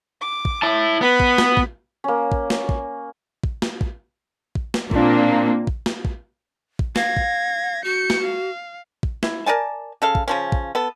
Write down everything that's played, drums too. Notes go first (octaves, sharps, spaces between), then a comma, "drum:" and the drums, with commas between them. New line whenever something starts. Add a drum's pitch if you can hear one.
D6
drum: kick
E4 A5
B3 B4 B5
drum: kick
drum: snare
drum: kick
A#3 C#4
drum: kick
drum: snare
drum: kick
drum: kick
drum: snare
drum: kick
drum: kick
drum: snare
A#2 A#3 C4 D4, drum: kick
drum: kick
drum: snare
drum: kick
drum: kick
F5 G#6 A#6, drum: snare
drum: kick
F#4 G6 C#7
drum: snare
F5
drum: kick
E4, drum: snare
A#4 D5 G#5 A5
C#3 A4 F5
drum: kick
C#3 F3 C#4
drum: kick
B3 A4